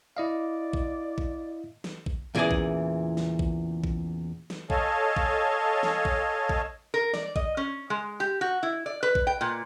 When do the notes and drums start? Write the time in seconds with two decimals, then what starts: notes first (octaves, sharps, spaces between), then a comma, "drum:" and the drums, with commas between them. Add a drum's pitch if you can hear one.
0.17 E4 D5 D#5 F5
0.73 drum: kick A1
1.18 drum: kick A1
1.84 drum: snare
2.06 drum: kick A1
2.35 E2 A#2 C#3 E3 G#4 D5
2.51 drum: kick A1
3.17 drum: snare
3.39 drum: kick A1
3.84 drum: kick A1
4.50 drum: snare
4.70 A4 C#5 D#5 F5 G#5 A5, drum: kick A1
5.17 drum: kick A1
5.83 drum: snare
6.05 drum: kick A1
6.49 drum: kick A1
6.94 A#4
7.14 D5, drum: snare
7.36 D#5, drum: kick A1
7.57 C#4
7.90 G#3
8.20 G4
8.41 F#4
8.63 E4
8.86 D5
9.03 B4
9.15 drum: kick A1
9.27 G5
9.41 A#2